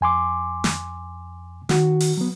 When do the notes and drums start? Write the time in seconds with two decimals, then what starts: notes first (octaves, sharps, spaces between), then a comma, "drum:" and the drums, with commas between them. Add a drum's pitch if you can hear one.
0.01 F2 G#5 C6 D6
0.64 drum: snare
1.69 D#3 F#4, drum: snare
2.00 drum: open hi-hat
2.17 F#3 B3